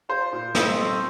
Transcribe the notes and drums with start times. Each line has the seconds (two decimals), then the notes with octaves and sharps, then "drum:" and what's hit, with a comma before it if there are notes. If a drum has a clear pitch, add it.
0.09 F4 C5
0.33 A#2
0.55 C4 D#5, drum: snare
0.77 A3